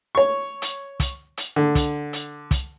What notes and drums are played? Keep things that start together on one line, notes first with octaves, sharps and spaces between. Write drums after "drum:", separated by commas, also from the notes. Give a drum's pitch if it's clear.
C#5 C#6
drum: hi-hat
drum: kick, hi-hat
drum: hi-hat
D3
drum: kick, hi-hat
drum: hi-hat
drum: kick, hi-hat